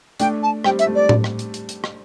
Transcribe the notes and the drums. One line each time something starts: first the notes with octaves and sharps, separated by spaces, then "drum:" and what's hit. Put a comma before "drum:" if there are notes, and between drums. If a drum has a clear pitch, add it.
A3 D4 G5, drum: hi-hat
A5
G3 C4 G5, drum: rim click
E5, drum: hi-hat
A3
D5
drum: tom A2
drum: rim click
drum: hi-hat
drum: hi-hat
drum: hi-hat
drum: rim click